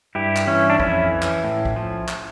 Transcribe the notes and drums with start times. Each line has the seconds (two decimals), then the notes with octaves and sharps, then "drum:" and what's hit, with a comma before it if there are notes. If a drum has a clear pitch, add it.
0.15 G2 E4 G4
0.36 drum: clap
0.47 E3 C#4 E4
0.70 D4
0.80 F2 C#4 E4, drum: kick
1.12 E3
1.22 drum: clap
1.44 A2
1.65 drum: kick
1.76 F3
2.08 drum: clap